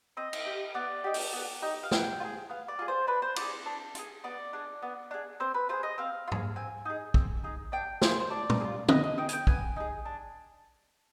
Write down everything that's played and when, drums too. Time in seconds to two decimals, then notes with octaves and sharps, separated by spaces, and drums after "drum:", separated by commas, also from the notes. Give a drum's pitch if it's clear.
0.17 C4 D#5
0.33 drum: cymbal
0.46 G4
0.74 B3 D5
1.04 D#4 G4
1.14 drum: open hi-hat
1.33 B3
1.62 D#4 G4
1.83 F5
1.91 B3 G5, drum: snare
2.20 F4
2.25 G#4
2.49 B3 F5
2.68 D5
2.79 F4 G#4
2.88 C5
3.07 D4 B4
3.22 C5
3.36 F4 G#4 D5, drum: cymbal
3.66 D4
3.95 F4, drum: hi-hat
3.99 G#4
4.24 B3 D5
4.53 D4 G#4
4.82 B3
5.11 D4 G#4
5.40 C4 C5
5.54 B4
5.69 F4 G#4 C5
5.83 D#5
5.98 C4 F5
6.28 F4
6.32 G#4, drum: tom G#2
6.56 C4 G#5
6.85 D#4 G#4
7.14 C4, drum: kick
7.44 D#4 G#4
7.72 D4 G5
8.02 F4 G#4 C5, drum: snare
8.20 C5
8.30 D4 D5
8.50 drum: tom A#2
8.60 G#4
8.64 F4
8.88 B3 D#5, drum: tom
9.04 D#5
9.18 D#4 G#4 G5
9.29 G#5, drum: hi-hat
9.33 G5
9.47 B3 G#5, drum: kick
9.76 D#4 G#4
10.05 D4